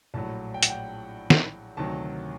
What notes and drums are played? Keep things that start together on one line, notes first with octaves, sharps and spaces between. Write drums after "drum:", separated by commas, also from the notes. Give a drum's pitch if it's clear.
A#1 A2 F#3 A5
G5
F#5, drum: hi-hat
G5
drum: snare
D2 C3 D#3 F#3 A5